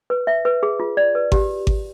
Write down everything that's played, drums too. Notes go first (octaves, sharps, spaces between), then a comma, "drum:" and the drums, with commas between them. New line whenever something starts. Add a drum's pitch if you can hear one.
B4
E5
B4
G#4
F4
D5
B4
G4, drum: kick G#1
drum: kick G#1